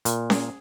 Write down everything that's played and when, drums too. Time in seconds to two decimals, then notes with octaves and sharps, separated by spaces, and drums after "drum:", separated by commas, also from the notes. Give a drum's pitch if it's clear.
0.05 A#2, drum: hi-hat
0.30 G#4, drum: snare C#4